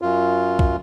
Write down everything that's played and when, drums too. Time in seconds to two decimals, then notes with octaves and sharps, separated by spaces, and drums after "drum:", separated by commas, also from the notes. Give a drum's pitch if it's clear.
0.02 F#2 F4
0.59 drum: kick B1